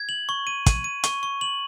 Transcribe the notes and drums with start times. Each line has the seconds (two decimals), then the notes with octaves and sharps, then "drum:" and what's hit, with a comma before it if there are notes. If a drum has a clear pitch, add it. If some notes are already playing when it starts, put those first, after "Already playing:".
Already playing: G#6
0.09 F#7
0.29 C#6
0.47 D#7
0.66 D#7, drum: kick, hi-hat
0.84 D#7
1.04 C#6, drum: hi-hat
1.23 C#6
1.41 F#7